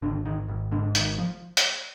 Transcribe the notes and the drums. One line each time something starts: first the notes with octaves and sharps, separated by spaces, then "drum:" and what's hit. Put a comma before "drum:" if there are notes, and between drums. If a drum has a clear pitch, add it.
G#1 D3
G#1 D#3
G#1
G#2 D3
G#1 D#3, drum: hi-hat
F3
drum: hi-hat